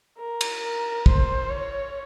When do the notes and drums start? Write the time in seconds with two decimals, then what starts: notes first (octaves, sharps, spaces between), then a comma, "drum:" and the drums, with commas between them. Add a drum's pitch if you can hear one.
0.18 A#4
0.41 drum: cymbal
0.62 A#4
1.06 C5, drum: kick
1.50 C#5